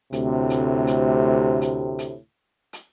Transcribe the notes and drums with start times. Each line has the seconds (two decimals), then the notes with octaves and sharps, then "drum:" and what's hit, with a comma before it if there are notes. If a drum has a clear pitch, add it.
0.13 D2 A2 C3, drum: hi-hat
0.50 drum: hi-hat
0.87 drum: hi-hat
1.61 drum: hi-hat
1.99 drum: hi-hat
2.73 drum: hi-hat